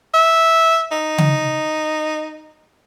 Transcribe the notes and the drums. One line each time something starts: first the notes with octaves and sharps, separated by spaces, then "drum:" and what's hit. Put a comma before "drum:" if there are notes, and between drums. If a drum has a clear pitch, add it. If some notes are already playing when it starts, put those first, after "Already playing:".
E5
D#4
drum: tom C#3